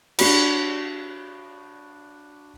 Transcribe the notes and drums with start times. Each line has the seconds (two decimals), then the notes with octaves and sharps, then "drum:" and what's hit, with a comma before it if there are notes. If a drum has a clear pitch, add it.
0.19 D4 F#4 B5, drum: cymbal